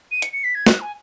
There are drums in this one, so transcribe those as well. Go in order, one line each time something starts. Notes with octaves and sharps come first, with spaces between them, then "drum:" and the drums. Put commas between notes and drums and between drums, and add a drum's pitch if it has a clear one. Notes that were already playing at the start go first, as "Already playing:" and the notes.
D#7
C#7, drum: hi-hat
C#7
B6
G#6
F#6, drum: snare
G#5